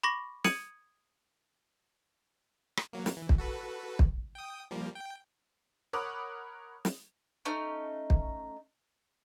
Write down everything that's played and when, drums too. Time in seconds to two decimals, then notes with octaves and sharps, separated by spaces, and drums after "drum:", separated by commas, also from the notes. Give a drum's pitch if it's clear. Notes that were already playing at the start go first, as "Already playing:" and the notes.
0.03 B5 C#6 D6 A#6
0.44 D#6 G#6 C#7 D#7 F#7, drum: snare
2.77 drum: rim click
2.93 F#3 A#3
3.06 drum: snare
3.17 E3
3.29 drum: kick
3.38 F#4 A4 B4
3.99 drum: kick
4.35 G5 D#6
4.71 F3 G3 A#3
4.95 G5
5.93 A#4 C#5 F#5 B5 D6 D#6
6.85 drum: snare
7.45 A3 C#4 D#4
8.10 drum: kick